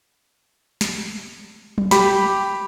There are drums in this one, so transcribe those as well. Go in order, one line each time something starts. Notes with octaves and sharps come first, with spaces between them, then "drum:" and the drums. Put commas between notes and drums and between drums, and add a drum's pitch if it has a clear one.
drum: snare
drum: tom F#3
G4 B5, drum: snare